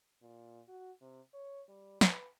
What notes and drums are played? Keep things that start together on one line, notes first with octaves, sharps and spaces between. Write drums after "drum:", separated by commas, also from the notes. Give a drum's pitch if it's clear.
A#2
F#4
C3
C#5
G3
B4, drum: snare